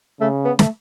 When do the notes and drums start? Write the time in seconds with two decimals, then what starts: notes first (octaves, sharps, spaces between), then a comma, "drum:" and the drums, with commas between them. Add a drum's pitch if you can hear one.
0.21 C#3 A3
0.45 B3
0.59 A3, drum: snare